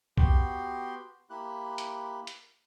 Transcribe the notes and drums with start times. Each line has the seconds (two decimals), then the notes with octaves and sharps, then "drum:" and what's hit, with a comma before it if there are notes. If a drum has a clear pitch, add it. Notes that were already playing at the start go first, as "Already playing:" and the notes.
0.18 B3 F#4 G4 G5 C6, drum: kick B1
1.30 A#3 E4 G4 F#6
1.78 drum: hi-hat
2.27 drum: hi-hat